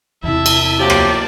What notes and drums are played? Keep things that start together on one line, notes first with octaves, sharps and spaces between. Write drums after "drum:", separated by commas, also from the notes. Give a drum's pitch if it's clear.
E2 C3 E4 E5 A5
drum: cymbal
F3 F#3 A#3 G4 D5 A5
drum: rim click